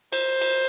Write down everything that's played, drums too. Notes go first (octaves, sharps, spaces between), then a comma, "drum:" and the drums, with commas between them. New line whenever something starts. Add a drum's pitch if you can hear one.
C5, drum: cymbal
drum: cymbal